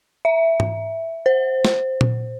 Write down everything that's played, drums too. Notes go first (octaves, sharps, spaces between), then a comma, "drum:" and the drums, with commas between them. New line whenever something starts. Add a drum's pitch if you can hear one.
E5
drum: tom G#2
C5
drum: snare
drum: tom A#2